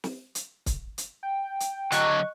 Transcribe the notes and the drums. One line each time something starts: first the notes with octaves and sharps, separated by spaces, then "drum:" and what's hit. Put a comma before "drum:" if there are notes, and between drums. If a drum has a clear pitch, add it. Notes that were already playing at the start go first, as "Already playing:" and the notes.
drum: snare
drum: hi-hat
drum: kick, hi-hat
drum: hi-hat
G5
drum: hi-hat
D3 F#3 D#5 C#6 F#6, drum: hi-hat